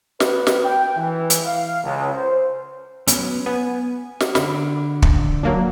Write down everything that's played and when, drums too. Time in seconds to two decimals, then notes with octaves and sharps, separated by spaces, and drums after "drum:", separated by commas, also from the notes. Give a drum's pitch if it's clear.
0.20 B4, drum: snare
0.47 drum: snare
0.63 G5
0.96 E3
1.30 drum: hi-hat
1.45 F5
1.84 C#2
2.13 C5
3.07 F#3 B3 C#4, drum: hi-hat
3.46 B3 G#5
4.20 drum: snare
4.35 D3 B5, drum: snare
5.02 drum: kick
5.43 F#3 A#3 D4